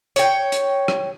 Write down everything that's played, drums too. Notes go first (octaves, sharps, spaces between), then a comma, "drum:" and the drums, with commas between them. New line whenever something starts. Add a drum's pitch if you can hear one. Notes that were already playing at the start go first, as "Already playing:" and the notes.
C#5 G5, drum: hi-hat
drum: hi-hat
drum: rim click